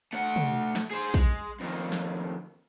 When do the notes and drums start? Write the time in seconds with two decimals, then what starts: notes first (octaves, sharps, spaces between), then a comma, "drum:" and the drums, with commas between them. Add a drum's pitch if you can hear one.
0.13 A3 F#5
0.36 drum: tom
0.75 drum: snare
0.91 G#4 C5
1.14 G#3, drum: kick, hi-hat
1.60 F2 D#3
1.92 drum: snare